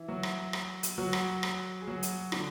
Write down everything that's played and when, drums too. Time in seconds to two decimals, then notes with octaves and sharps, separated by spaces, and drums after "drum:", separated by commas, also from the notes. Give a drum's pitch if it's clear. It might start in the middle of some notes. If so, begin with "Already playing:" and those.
Already playing: E3 E4
0.08 F#3 F#4
0.23 drum: rim click
0.53 drum: rim click
0.83 drum: hi-hat
0.98 F#3 F#4
1.13 drum: rim click
1.43 drum: rim click
1.81 G#4
1.88 F#3 F#4
2.03 drum: hi-hat
2.32 D3 D4, drum: rim click